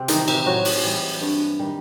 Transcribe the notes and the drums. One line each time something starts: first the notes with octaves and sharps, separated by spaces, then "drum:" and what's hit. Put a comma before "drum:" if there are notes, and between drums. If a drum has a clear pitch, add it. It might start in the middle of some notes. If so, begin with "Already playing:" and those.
Already playing: C3 C4
D#3 E3 G3 D#4, drum: hi-hat
C3 C4, drum: cymbal
A2 F#3 F#4
drum: open hi-hat
E3 G3
G2
D#3 G3